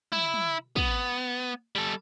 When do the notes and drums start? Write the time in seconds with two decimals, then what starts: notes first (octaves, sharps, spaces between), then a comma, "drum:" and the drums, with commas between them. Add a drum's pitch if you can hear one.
0.12 E4, drum: tom
0.34 drum: tom
0.76 B3, drum: kick
1.75 G3 A4